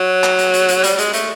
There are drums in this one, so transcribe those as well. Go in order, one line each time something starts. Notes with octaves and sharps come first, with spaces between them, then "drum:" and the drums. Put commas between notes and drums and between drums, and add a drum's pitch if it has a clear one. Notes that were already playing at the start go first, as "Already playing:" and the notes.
Already playing: F#3
drum: clap
drum: hi-hat
drum: hi-hat
drum: hi-hat
G3, drum: hi-hat
G#3, drum: hi-hat
A3, drum: hi-hat